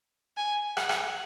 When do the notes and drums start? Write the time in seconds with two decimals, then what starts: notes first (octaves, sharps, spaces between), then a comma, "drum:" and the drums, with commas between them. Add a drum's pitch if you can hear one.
0.37 G#5
0.77 F#5, drum: rim click
0.89 drum: rim click